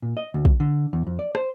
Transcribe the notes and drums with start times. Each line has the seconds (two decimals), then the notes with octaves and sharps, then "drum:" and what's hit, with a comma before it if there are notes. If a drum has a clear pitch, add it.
0.02 A#2
0.17 D#5
0.34 D2
0.45 drum: kick
0.60 D3
0.93 E2
1.07 F2
1.19 D5
1.35 C5, drum: rim click